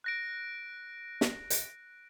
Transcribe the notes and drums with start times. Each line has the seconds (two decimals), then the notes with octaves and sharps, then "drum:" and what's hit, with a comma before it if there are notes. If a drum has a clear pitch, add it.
0.04 F#6 A#6 D7
1.21 drum: snare
1.50 drum: hi-hat